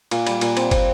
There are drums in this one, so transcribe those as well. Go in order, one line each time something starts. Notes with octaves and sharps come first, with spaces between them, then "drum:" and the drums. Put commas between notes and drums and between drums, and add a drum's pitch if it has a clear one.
A#2, drum: cymbal
G3, drum: cymbal
A#2, drum: cymbal
C4, drum: cymbal
C4, drum: kick, cymbal